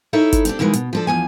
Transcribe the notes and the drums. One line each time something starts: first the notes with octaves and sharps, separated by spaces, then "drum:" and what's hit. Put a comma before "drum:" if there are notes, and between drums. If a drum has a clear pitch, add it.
D#4 E4 A4 C#5 E5
drum: kick G1, hi-hat
C4 D4 G4, drum: hi-hat
F2 B2 D#3 E3 G3 G#3
B2, drum: hi-hat
F3 D4 A4
E2 F3 G#5